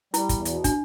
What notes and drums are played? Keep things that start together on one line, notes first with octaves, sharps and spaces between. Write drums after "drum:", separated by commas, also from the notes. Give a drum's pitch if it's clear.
G3 E4, drum: hi-hat
E2, drum: kick, hi-hat
B2, drum: hi-hat
D4, drum: kick, hi-hat